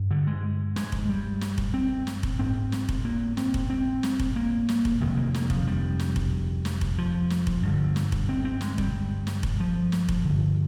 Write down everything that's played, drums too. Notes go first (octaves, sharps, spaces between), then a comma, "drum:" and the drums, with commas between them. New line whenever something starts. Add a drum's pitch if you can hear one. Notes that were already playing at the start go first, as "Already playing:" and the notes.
Already playing: G2
D3
G#3
G#3, drum: snare
drum: kick F1
G3
drum: snare
drum: kick F1
C4
drum: snare
drum: kick F1
G#2 C4
drum: snare
drum: kick F1
A#3
C4, drum: snare
drum: kick F1
C4
drum: snare
drum: kick F1
A#3
drum: snare
drum: kick F1
F2 C3 D#3
A#3
A#3, drum: snare
F3, drum: kick F1
G3
drum: snare
drum: kick F1
drum: snare
drum: kick F1
F3
drum: snare
drum: kick F1
G2 D3
drum: snare
drum: kick F1
C4
C4
G#3, drum: snare
G3, drum: kick F1
drum: snare
drum: kick F1
F3
drum: snare
drum: kick F1
G2 D3